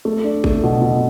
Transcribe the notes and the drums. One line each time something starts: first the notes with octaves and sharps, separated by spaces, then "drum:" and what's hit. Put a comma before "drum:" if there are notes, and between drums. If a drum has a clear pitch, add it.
A3
D4
A3, drum: kick G#1
B2
B2